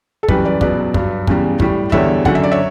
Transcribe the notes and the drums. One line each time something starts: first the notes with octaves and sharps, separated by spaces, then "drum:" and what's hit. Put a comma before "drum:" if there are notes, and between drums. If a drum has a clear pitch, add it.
A4
F#2 E3 G3 G4 B4, drum: kick
B4 D5
C#2 B2 F#3 B4 D5, drum: kick
G2 F#3, drum: kick
E2 C#3 G3, drum: kick
A2 G3, drum: kick
E2 D3 G3 C#5 E5, drum: kick
F#2 D3 F#3 F#5, drum: kick
E5
D5
C#5 E5